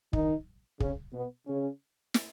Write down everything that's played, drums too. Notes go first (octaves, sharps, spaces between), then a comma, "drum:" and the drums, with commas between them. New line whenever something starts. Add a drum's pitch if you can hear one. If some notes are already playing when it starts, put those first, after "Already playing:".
D#3 D#4, drum: kick
C#3 C#4, drum: kick
B2 B3
C#3 C#4
drum: snare